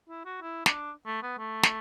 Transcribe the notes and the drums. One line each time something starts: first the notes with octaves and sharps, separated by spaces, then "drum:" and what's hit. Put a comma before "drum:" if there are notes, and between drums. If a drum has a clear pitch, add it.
E4
F#4
E4
D4, drum: snare
A3
B3
A3
drum: snare